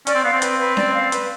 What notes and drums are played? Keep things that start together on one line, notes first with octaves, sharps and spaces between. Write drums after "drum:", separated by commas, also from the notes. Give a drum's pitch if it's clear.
C#4 D5, drum: hi-hat
C4
B3 F5
C4
B4, drum: hi-hat
B4
D5, drum: snare C#4
F5
B4, drum: hi-hat